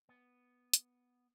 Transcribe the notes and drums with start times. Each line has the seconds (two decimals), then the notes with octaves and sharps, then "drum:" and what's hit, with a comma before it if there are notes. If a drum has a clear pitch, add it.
0.09 B3
0.73 drum: hi-hat